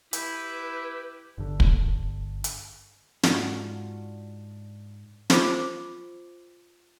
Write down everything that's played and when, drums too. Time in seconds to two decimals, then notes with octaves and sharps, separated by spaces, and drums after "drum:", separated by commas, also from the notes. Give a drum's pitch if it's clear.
0.13 E4 G4 B4, drum: hi-hat
1.38 G1 D3
1.60 drum: kick
2.44 drum: hi-hat
3.23 G#2 D4 F4 F#4, drum: snare
5.30 F4 C5 D6, drum: snare